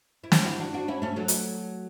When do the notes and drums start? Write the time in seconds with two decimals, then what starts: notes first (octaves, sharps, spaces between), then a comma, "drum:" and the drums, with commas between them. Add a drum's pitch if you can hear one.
0.24 E4
0.32 D4 F#4, drum: snare
0.45 E4 G4
0.60 D4 F#4
0.74 D4 F#4
0.88 C#4 E4
1.02 A3 C#4
1.16 F#3 A3
1.28 drum: hi-hat